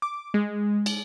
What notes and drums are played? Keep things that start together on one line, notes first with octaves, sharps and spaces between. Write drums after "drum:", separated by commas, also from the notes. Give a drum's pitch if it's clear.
D6
G#3
drum: cymbal